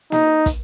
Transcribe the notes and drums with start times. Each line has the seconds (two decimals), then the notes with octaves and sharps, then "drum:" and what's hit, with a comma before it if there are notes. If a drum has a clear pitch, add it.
0.12 D#4, drum: snare A#3
0.46 drum: kick, hi-hat